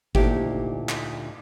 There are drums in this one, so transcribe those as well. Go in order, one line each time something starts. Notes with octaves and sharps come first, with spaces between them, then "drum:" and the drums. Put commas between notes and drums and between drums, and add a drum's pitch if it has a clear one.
D2 A#2 D#4 E4 G4, drum: kick G1
drum: clap